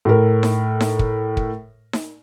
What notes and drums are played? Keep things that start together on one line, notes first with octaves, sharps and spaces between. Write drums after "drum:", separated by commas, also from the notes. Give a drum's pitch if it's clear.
A2 A#4
drum: snare D#4
drum: snare D#4
drum: kick
drum: kick
drum: snare D#4